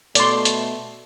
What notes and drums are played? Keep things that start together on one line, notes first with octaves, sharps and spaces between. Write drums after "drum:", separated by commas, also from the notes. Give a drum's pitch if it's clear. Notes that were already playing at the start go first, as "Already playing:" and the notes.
B2 A3 D5 C6, drum: hi-hat
drum: hi-hat